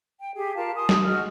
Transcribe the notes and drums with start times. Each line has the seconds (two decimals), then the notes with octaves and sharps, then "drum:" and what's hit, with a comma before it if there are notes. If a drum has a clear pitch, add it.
0.20 G5
0.36 G4 G#4
0.55 F4 A#4 F5 A5
0.76 G#5 A5 C6 D#6
0.89 drum: snare
1.07 F#4 G#4 D#5 F6